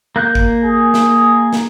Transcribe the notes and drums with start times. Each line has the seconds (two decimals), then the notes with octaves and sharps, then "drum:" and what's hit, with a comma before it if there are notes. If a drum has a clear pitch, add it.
0.16 A#3 F#6 G6
0.35 drum: kick G#1
0.64 G#4
0.94 drum: snare
1.53 drum: snare